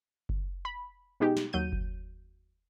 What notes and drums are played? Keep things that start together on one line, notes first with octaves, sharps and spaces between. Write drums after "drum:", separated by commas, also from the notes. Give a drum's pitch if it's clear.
drum: kick F#1
B5
B2 G#3 D#4 G4
drum: snare
D#2 F#3 G6 D#7
drum: kick F#1